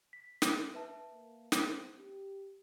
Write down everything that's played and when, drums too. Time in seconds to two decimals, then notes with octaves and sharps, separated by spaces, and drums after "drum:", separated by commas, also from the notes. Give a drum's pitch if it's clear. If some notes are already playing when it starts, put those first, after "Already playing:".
0.13 B6
0.42 drum: snare
0.74 B4 E5 A5
1.12 A#3
1.52 C4, drum: snare
1.98 G4